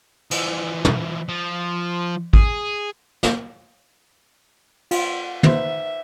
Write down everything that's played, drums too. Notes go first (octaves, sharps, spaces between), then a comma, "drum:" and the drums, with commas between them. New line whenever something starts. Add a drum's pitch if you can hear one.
E3 F3, drum: cymbal
drum: tom
F3
G#4, drum: kick
drum: snare
F4, drum: cymbal
D#4 B4 C5 E5, drum: tom